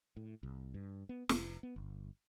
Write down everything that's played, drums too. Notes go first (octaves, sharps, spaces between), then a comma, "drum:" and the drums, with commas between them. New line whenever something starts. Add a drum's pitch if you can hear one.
A2
C2
G2
B3
F1, drum: snare
B3
G1